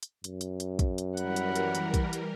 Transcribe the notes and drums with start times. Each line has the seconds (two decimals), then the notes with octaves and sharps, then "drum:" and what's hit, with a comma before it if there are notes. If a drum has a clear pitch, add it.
0.03 drum: hi-hat
0.24 F#2, drum: hi-hat
0.41 drum: hi-hat
0.60 drum: hi-hat
0.79 drum: kick, hi-hat
0.98 drum: hi-hat
1.17 E3 G3 A#4 F#5 B5, drum: hi-hat
1.36 drum: hi-hat
1.56 drum: hi-hat
1.75 drum: hi-hat
1.94 drum: kick, hi-hat
2.13 drum: hi-hat